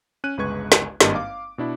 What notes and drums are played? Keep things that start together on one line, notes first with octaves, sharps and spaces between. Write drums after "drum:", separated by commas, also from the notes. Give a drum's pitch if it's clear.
C#4 F#6 D#7
G1 C#2 G#3 B4 C#6 G#6
drum: snare
G#1 G2 A#3 D#5 A5, drum: snare
F5 D6
B2 D4 E4